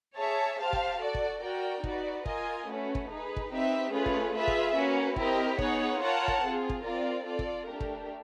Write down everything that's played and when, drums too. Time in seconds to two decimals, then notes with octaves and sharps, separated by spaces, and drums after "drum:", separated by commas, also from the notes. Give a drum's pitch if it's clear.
0.17 G#4 C#5 E5 A5
0.59 G4 C5 F5 A5
0.73 drum: kick
1.00 F#4 A4 D5
1.14 drum: kick
1.42 F#4 A#4 D5 G5
1.84 D#4 F#4 B4 D5, drum: kick
2.25 F4 A#4 D#5 G#5, drum: kick
2.67 A3 C#4 F#4 B4
2.95 drum: kick
3.09 D#4 G#4 B4
3.36 drum: kick
3.51 C4 D#4 G4 B4 E5
3.92 A3 C#4 F4 G#4 B4
4.06 drum: kick
4.34 F4 G#4 B4 E5
4.47 drum: kick
4.75 A#3 C#4 F#4 B4
5.16 C4 E4 G4 A#4 D#5, drum: kick
5.58 B3 D#4 G#4 C#5 F#5, drum: kick
6.00 F4 A#4 C#5 F#5 A5
6.28 drum: kick
6.41 C4 F4 G#4
6.69 drum: kick
6.83 C4 F4 A#4 D5
7.24 F4 A4 D5
7.39 drum: kick
7.66 A3 D4 G4 A#4
7.80 drum: kick